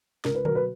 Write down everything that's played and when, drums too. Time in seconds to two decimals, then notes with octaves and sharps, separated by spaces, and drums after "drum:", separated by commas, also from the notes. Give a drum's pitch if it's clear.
0.25 C#2 A#4, drum: snare
0.35 B4
0.45 B2 F#3 A#4, drum: tom D3
0.55 B4